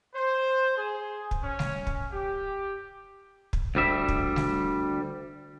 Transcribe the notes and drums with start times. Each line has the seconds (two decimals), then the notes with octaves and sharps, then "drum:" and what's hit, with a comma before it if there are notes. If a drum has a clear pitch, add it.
0.14 C5
0.76 G#4
1.31 drum: kick
1.42 C#4
1.59 drum: snare G3
1.87 drum: kick
2.11 G4
3.53 drum: kick
3.75 D2 G3 E5
4.08 drum: kick
4.36 drum: snare G3